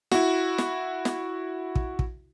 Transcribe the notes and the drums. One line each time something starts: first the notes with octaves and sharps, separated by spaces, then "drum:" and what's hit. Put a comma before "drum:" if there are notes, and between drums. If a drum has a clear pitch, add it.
E4 F#4, drum: snare
drum: snare
drum: snare
drum: kick
drum: kick